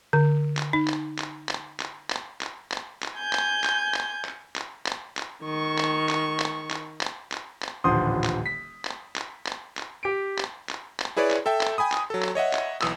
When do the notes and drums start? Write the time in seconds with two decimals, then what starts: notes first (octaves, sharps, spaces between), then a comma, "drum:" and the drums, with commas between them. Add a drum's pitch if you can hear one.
0.13 D3
0.57 drum: clap
0.73 D#4
0.87 drum: clap
1.18 drum: clap
1.49 drum: clap
1.80 drum: clap
2.10 drum: clap
2.41 drum: clap
2.72 drum: clap
3.02 drum: clap
3.17 G#5 G6
3.33 drum: clap
3.64 drum: clap
3.94 drum: clap
4.25 drum: clap
4.56 drum: clap
4.86 drum: clap
5.17 drum: clap
5.44 D#3 C#6
5.78 drum: clap
6.09 drum: clap
6.40 drum: clap
6.70 drum: clap
7.01 drum: clap
7.32 drum: clap
7.62 drum: clap
7.84 D#1 A1 D3 F3 C6 D#6
8.24 drum: clap
8.46 B6
8.85 drum: clap
9.16 drum: clap
9.46 drum: clap
9.77 drum: clap
10.03 G4 D7
10.38 drum: clap
10.69 drum: clap
11.00 drum: clap
11.17 E4 G#4 B4 C#5 D5
11.30 drum: clap
11.46 A4 E5 G5
11.61 drum: clap
11.78 G5 G#5 B5 D#6
11.92 drum: clap
12.10 F#3 A4
12.22 drum: clap
12.35 C#5 D#5 E5 F#5
12.53 drum: clap
12.81 B1 E3 D#6 E6, drum: clap